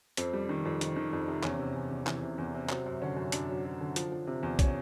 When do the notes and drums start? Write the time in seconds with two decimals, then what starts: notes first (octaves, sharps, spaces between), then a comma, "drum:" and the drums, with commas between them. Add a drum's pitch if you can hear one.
0.17 F2 C4, drum: hi-hat
0.33 G3
0.49 D#3
0.65 F2
0.81 D#3, drum: hi-hat
0.96 D#3
1.13 F2
1.28 C3
1.43 E2 C#4, drum: clap
1.59 C3
1.75 E2
1.91 E2
2.07 E3, drum: clap
2.23 C3
2.38 E2
2.54 C3
2.69 F#3 C4, drum: clap
2.86 F#2
3.02 D3 C#4
3.17 F#2
3.32 F#2 D4, drum: hi-hat
3.49 F#3
3.65 F#3
3.81 D3
3.96 F3, drum: hi-hat
4.12 F3
4.27 C3
4.43 E2
4.59 C#4, drum: kick, hi-hat